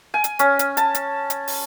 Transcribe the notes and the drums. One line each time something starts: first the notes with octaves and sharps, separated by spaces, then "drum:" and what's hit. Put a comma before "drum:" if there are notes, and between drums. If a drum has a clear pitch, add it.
G#5
drum: hi-hat
C#4, drum: hi-hat
drum: hi-hat
A5, drum: hi-hat
drum: hi-hat
drum: hi-hat
drum: open hi-hat